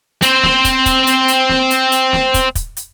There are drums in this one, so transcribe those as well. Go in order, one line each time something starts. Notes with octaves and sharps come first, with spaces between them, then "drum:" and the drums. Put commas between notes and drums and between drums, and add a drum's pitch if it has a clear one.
C4 C5, drum: hi-hat
drum: snare
drum: kick, hi-hat
drum: kick, hi-hat
drum: hi-hat
drum: hi-hat
drum: snare
drum: hi-hat
drum: hi-hat
drum: snare
drum: kick, hi-hat
drum: kick, hi-hat
drum: hi-hat